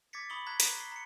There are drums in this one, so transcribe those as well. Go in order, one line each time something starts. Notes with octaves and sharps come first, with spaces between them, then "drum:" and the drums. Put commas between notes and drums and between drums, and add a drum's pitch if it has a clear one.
D6 G#6 A6 B6 C#7
B5 C#6 D#6 F#7 G7
A#5 F#6 G#6 B6
A#5, drum: hi-hat
B6 C7 G7
A#5 C#7